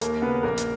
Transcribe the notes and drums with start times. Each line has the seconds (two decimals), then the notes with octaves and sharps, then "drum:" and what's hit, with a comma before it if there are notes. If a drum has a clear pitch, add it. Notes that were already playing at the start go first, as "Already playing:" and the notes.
0.01 D#2 A#3 A#4, drum: hi-hat
0.22 C#3 B3 B4
0.43 A#1 A#3 A#4
0.58 drum: hi-hat